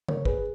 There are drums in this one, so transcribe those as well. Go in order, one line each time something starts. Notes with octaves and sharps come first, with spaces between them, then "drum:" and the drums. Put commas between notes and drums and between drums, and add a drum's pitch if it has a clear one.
A#4 C#5, drum: tom C#3
G#4 B4, drum: kick